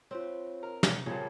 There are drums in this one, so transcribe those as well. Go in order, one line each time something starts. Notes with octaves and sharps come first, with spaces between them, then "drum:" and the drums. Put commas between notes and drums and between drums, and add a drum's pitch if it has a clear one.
C4 F4 C5 C#5
A#4
drum: snare
A#2 C#3 F3 G3 A#3 G#6